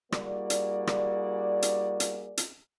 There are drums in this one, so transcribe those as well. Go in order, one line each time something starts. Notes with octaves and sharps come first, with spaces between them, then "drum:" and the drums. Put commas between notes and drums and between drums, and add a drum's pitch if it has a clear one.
G3 A#3 E4 F#4 G#4 D5, drum: rim click
drum: hi-hat
drum: rim click
drum: hi-hat
drum: hi-hat
drum: hi-hat